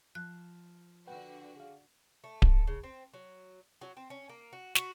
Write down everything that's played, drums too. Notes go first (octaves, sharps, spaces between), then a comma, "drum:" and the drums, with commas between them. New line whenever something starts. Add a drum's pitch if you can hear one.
F3 F#6
D3 F#4 B4 F#5 G5
G#4 F5
A3
drum: kick D1
C#3
C4
F#3
F#3
C4
C#4
A#3
F#4
F#4, drum: snare